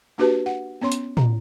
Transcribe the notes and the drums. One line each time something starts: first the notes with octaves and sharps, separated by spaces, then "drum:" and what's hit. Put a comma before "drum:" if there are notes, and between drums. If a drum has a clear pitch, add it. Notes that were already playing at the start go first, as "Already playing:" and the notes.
A#3 D4 F#4 G4 B4 A5
F#5
B3 C#4 C#5 C6
drum: hi-hat
A#5, drum: tom